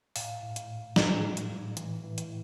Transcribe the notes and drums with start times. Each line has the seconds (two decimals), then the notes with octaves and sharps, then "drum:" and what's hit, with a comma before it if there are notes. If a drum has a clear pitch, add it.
0.16 A2 F5, drum: open hi-hat
0.43 A2
0.56 drum: hi-hat
0.70 A2
0.96 A2, drum: snare
1.24 A2
1.37 drum: hi-hat
1.50 A2
1.77 E3, drum: hi-hat
2.04 E3
2.18 drum: hi-hat